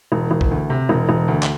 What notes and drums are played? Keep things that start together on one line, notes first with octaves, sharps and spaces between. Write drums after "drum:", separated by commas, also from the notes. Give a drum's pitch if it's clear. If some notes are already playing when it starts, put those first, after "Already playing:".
E1
E1
drum: kick B1
D2
C3
E1
E1
D2
drum: clap